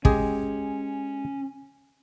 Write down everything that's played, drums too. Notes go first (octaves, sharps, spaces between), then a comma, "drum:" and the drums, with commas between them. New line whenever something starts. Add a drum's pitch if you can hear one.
G#3 C#4 G4 G#4, drum: kick